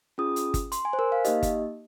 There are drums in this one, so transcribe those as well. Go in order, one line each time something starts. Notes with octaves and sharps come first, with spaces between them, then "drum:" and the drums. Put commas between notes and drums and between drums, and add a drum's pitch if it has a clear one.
C#4 F4 G#4 D#6
drum: hi-hat
drum: kick G1, hi-hat
C6, drum: hi-hat
G#5
C5
A#4
F5
A#3 D#4 G4 D#5, drum: hi-hat
drum: kick G1, hi-hat